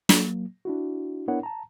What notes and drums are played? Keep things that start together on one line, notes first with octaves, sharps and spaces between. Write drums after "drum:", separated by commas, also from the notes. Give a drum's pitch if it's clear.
F#3 A#3, drum: snare
D4 E4 F#4
B3 D4 E4 A#4 C#5 F#5
A5 A#5